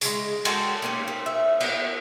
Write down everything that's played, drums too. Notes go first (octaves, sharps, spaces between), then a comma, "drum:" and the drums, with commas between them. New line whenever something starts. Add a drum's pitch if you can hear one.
C#3 G#3, drum: hi-hat
G#3 F#4 A4 G5, drum: cymbal
A#3 C4 C#4 G4
G4
E5
B3, drum: cymbal